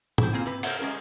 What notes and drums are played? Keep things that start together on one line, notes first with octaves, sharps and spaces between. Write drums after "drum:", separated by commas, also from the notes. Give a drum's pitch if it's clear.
E4 C5, drum: tom
A#3 C4 F4 G#5
C3 B4
A4 A#4 C5 C#5 E5 F#5, drum: cymbal
G#3 C#4 E4 G#4 A#4